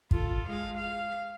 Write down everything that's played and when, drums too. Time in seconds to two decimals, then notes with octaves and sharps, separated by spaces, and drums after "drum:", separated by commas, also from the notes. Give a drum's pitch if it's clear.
0.11 F4 A4, drum: kick
0.47 G#3 F5
0.77 F5